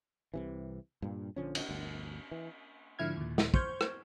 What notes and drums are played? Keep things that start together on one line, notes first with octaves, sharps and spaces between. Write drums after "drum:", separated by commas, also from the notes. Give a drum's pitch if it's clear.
C2 C3 E3
G2 A#2
A#1 D3 F3 C#4
drum: cymbal
G1 D2
E3
G#2 D3 F3 E4 F6 G#6
D#2 A#2
drum: snare
C5 C#6 F6 G6 G#6, drum: kick
drum: rim click